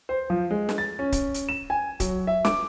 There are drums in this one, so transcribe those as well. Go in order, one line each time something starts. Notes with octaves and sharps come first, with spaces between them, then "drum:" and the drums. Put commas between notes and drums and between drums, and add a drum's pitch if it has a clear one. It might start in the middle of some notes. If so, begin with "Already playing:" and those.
C5
F3
G#3
drum: snare
A6
C#4
drum: kick C#1, hi-hat
drum: hi-hat
E7
G#5
F#3, drum: kick C#1, hi-hat
E5
D6, drum: snare